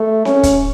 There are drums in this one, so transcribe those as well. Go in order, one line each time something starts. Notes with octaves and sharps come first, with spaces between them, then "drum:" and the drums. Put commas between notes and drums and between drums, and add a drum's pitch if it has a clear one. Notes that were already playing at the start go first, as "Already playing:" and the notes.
Already playing: A3
C#4, drum: snare C4
drum: kick, hi-hat